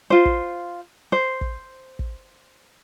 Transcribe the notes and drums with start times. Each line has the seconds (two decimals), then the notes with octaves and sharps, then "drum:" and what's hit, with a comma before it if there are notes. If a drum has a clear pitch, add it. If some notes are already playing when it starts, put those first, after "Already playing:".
0.10 F4 C5
0.25 drum: kick
1.12 C5
1.41 drum: kick
1.99 drum: kick